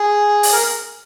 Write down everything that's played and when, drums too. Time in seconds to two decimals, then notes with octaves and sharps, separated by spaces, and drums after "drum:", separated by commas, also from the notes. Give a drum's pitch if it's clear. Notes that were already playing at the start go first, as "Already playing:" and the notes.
Already playing: G#4
0.43 drum: open hi-hat
0.53 A#4